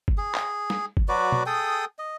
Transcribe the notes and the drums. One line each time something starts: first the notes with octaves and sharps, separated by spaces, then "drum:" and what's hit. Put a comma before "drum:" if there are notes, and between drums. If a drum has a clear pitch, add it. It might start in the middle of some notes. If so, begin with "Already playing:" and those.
drum: kick
G#4
drum: clap
drum: snare
drum: kick
F#3 F#4 B4 D5
drum: tom
G#4 A4 G5 D#6
D#5